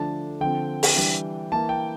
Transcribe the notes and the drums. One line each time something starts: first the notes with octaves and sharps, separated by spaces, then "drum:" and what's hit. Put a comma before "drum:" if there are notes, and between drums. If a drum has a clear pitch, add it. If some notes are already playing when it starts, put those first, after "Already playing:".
Already playing: D3 F3 A3 D4 A5
D3 F3 C4 G5
drum: open hi-hat
E3 G3 D4
E3 A#3 E4 A5
G5